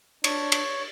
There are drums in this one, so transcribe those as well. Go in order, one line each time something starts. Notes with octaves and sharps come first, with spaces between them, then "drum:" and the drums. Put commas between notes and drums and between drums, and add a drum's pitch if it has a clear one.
D4 C#5, drum: cymbal
drum: cymbal